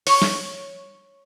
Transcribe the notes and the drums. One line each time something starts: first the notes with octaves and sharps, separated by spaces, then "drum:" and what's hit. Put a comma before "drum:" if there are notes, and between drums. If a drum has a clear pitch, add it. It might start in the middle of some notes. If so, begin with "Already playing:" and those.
C#5, drum: open hi-hat
drum: snare